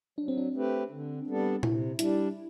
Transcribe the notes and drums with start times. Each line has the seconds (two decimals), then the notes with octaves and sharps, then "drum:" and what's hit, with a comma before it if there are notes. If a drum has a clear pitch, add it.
0.18 F#3 D4
0.28 C4
0.38 D4
0.54 A3 C4 G4 B4
0.90 D3
1.27 G3 B3 D4 A4
1.63 C3 E4, drum: tom A#2
1.99 G3 D4 E4, drum: hi-hat